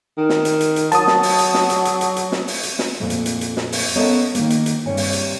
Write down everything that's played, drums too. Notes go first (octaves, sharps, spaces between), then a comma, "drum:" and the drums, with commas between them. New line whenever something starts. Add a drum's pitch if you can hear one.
D#3
drum: snare
drum: hi-hat
drum: hi-hat
drum: hi-hat
F#3 A5 D#6, drum: hi-hat
drum: snare
drum: open hi-hat
drum: hi-hat
drum: snare
drum: hi-hat
drum: hi-hat
drum: hi-hat
drum: hi-hat
drum: snare
drum: open hi-hat
drum: hi-hat
drum: snare
F2 A#2 A3
drum: hi-hat
drum: hi-hat
drum: hi-hat
drum: snare
drum: open hi-hat
B3 C#4 A4 A#4 D#5 E5
D#3 A#3, drum: hi-hat
drum: hi-hat
drum: hi-hat
G2 C3 G3 C#5 G#5
drum: open hi-hat
drum: hi-hat